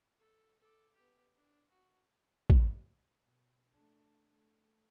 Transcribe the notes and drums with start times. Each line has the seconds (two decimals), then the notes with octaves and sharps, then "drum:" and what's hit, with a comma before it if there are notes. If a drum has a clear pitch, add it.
0.19 A4
0.59 A4 D6
0.94 B3 G4
1.36 D4
1.70 F#4
2.50 drum: kick
3.24 B2
3.73 A3 D4
4.34 A3